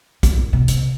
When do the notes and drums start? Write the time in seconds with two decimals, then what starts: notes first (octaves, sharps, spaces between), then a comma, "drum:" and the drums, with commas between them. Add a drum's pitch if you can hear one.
0.23 E2, drum: kick, hi-hat
0.38 F#2
0.53 B2
0.68 C3, drum: hi-hat